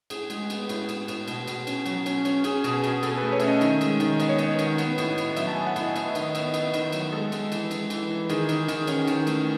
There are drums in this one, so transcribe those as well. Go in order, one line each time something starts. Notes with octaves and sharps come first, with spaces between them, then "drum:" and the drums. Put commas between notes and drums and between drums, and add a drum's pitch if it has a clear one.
A2 G#4, drum: cymbal
G#3, drum: cymbal
B3, drum: cymbal
A2, drum: cymbal
A2, drum: cymbal
A2, drum: cymbal
B2, drum: cymbal
B2, drum: cymbal
C#4, drum: cymbal
F#3, drum: cymbal
C#4, drum: cymbal
C#4, drum: cymbal
C#4 G#4, drum: cymbal
B2, drum: cymbal
G#4
B2, drum: cymbal
B2 A4, drum: cymbal
B4
A3
C#5
C#4 E5, drum: cymbal
D#5
D#3, drum: cymbal
G#3, drum: cymbal
D#3, drum: cymbal
B3 D#5, drum: cymbal
C#5
B3 D#5, drum: cymbal
D#3, drum: cymbal
B3, drum: cymbal
A2, drum: cymbal
A2, drum: cymbal
F#3 E5, drum: cymbal
A5
F#3 G#5
F#5
A2, drum: cymbal
D#5
B3 D#5, drum: cymbal
E5
D#3, drum: cymbal
D#5
B3 E5, drum: cymbal
D#5
B3, drum: cymbal
E5
D#3 D#5, drum: cymbal
F#3, drum: cymbal
G#3 A4
G#3, drum: cymbal
E3, drum: cymbal
G#3, drum: cymbal
E3, drum: cymbal
E3
D#3 G#4, drum: cymbal
D#3, drum: cymbal
D#3, drum: cymbal
C#4, drum: cymbal
D#3, drum: cymbal
A3, drum: cymbal